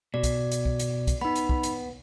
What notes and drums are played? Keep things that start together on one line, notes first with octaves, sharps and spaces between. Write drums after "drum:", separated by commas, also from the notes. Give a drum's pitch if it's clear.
B2 D5
drum: kick, hi-hat
drum: hi-hat
drum: kick
drum: hi-hat
drum: kick, hi-hat
B3 D#4 B5
drum: hi-hat
drum: kick
drum: hi-hat